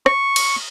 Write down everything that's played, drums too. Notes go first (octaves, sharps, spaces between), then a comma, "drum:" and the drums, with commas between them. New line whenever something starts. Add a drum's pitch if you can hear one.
C#6, drum: rim click
drum: cymbal